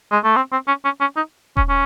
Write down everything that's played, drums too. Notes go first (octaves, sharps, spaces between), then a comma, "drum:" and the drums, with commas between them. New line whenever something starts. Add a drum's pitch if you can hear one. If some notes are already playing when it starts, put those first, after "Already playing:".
G#3
A3
C4
C4
C#4
C#4
C#4
D#4
C#4, drum: kick D#1
C#4